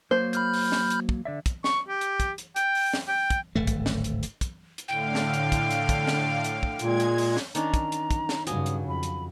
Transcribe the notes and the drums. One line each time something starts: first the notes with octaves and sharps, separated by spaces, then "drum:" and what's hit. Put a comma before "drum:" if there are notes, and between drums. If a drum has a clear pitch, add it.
F#3 A#3 C5 C#5
B5 F6 G6, drum: hi-hat
drum: open hi-hat
drum: snare
drum: hi-hat
drum: kick
D3 D5 E5
drum: kick, hi-hat
C#6, drum: snare
G4
drum: hi-hat
drum: kick, hi-hat
drum: hi-hat
G5, drum: hi-hat
drum: open hi-hat
drum: snare
G5
drum: kick, hi-hat
D1 G#1 A3
drum: kick, hi-hat
drum: snare
drum: hi-hat
drum: hi-hat
drum: kick, hi-hat
drum: hi-hat
A2 D3 F5 G5
drum: snare
drum: hi-hat
drum: kick, hi-hat
drum: hi-hat
drum: kick, hi-hat
drum: snare
drum: hi-hat
drum: kick
A#2 G#3 G#6, drum: hi-hat
drum: hi-hat
drum: open hi-hat
drum: snare
D#3 C#4 D4 A#5, drum: hi-hat
drum: kick, hi-hat
drum: hi-hat
drum: kick, hi-hat
drum: snare
G2 C#3 F#3 G#5 D#6, drum: hi-hat
drum: hi-hat
F2 B5
drum: hi-hat